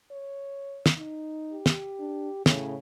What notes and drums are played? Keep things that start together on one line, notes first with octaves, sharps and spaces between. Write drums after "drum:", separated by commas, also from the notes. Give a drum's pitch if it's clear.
C#5
drum: snare
D#4
G4
drum: snare
D4
A2 C#3, drum: snare